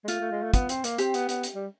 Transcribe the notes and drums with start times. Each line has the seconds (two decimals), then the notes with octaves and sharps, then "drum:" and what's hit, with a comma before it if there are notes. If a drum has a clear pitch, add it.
0.04 G#3
0.08 A3 F4, drum: hi-hat
0.20 A3
0.31 G#3
0.42 A3
0.54 B3, drum: kick, hi-hat
0.69 C4, drum: hi-hat
0.84 A#3, drum: hi-hat
0.98 C4 G4, drum: hi-hat
1.14 B3, drum: hi-hat
1.29 B3, drum: hi-hat
1.43 drum: hi-hat
1.55 G3